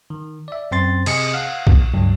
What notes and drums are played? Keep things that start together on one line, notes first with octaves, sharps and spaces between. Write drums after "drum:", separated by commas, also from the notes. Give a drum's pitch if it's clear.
D#3
D5 E5
F#2 C4 C6 A6
C3 G#4 D#5 A5 C#7, drum: cymbal
F5 F#5
drum: kick
C#2 G2 F#3